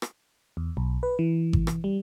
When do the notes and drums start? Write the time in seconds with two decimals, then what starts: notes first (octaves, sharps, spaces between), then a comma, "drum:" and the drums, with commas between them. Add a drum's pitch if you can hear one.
0.02 drum: rim click
0.57 E2
0.77 B1
1.03 B4
1.19 E3
1.53 drum: kick G#1
1.67 drum: rim click
1.84 G3